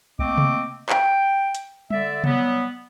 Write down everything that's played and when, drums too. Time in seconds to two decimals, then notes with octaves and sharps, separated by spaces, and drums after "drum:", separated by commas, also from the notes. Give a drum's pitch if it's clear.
0.19 A3 A#3 C4 D#5 D6, drum: kick C2
0.38 drum: tom C3
0.89 G5, drum: clap
1.55 drum: hi-hat
1.90 D3 D5 E5, drum: tom G3
2.24 F#3 G3 B3, drum: tom C3